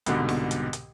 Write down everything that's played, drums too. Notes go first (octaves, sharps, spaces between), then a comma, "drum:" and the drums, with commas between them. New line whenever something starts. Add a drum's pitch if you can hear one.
C2 G#2 B2 D3, drum: hi-hat
drum: snare
drum: hi-hat
drum: hi-hat